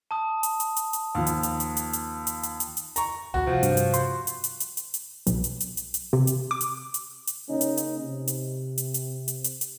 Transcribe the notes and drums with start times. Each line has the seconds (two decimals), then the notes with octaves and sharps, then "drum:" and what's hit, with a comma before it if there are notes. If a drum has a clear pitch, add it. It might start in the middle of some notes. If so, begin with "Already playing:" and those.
0.11 A5 D#6
0.43 drum: hi-hat
0.60 drum: hi-hat
0.76 drum: hi-hat
0.93 drum: hi-hat
1.15 D#2 F3
1.27 drum: hi-hat
1.43 drum: hi-hat
1.60 drum: hi-hat
1.77 drum: hi-hat
1.93 drum: hi-hat
2.27 drum: hi-hat
2.43 drum: hi-hat
2.60 drum: hi-hat
2.77 drum: hi-hat
2.96 A#5 C#6, drum: hi-hat
3.34 A#1 D#2 F#4 F#5
3.47 C3 F3
3.63 G2, drum: hi-hat
3.77 drum: hi-hat
3.94 C6, drum: hi-hat
4.27 drum: hi-hat
4.44 drum: hi-hat
4.60 drum: hi-hat
4.77 drum: hi-hat
4.94 drum: hi-hat
5.27 B1, drum: hi-hat
5.44 drum: hi-hat
5.60 drum: hi-hat
5.77 drum: hi-hat
5.94 drum: hi-hat
6.13 C3
6.27 drum: hi-hat
6.51 D6
6.61 drum: hi-hat
6.94 drum: hi-hat
7.27 drum: hi-hat
7.47 C#3 A#3 C#4 D#4
7.61 drum: hi-hat
7.77 drum: hi-hat
8.02 C3
8.28 drum: hi-hat
8.78 drum: hi-hat
8.94 drum: hi-hat
9.28 drum: hi-hat
9.44 drum: hi-hat
9.61 drum: hi-hat